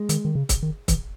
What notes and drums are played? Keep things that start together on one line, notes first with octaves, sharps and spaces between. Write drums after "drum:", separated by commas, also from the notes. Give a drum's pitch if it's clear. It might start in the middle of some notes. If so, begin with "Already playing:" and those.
Already playing: G#3
D#3, drum: hi-hat
D#3
C#3
drum: kick, hi-hat
D#3
E3, drum: kick, hi-hat